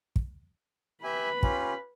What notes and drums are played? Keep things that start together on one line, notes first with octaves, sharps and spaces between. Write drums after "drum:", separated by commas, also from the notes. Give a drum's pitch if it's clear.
drum: kick
G4 B4 E5 G#5 B5
C#4 F4 G4, drum: kick